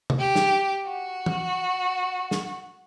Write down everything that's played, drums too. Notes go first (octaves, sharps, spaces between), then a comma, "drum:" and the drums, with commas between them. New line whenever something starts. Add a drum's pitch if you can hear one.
drum: tom C3
G4
drum: snare
F#4
drum: tom
drum: snare